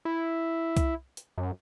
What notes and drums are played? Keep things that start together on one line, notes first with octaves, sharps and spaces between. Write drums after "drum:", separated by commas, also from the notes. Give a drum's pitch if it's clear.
E4
drum: kick C2, hi-hat
drum: hi-hat
F#2